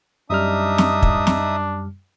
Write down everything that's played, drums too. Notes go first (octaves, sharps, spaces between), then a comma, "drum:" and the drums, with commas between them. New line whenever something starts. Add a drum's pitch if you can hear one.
F#2 G3 D4 D#4 E5 D#6 F6
drum: snare
drum: kick
drum: snare